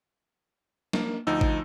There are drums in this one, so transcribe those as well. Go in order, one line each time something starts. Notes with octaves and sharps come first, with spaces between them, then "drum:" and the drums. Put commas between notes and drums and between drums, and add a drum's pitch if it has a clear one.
A#3, drum: snare
D2 F3 D#4 E6
drum: kick G#1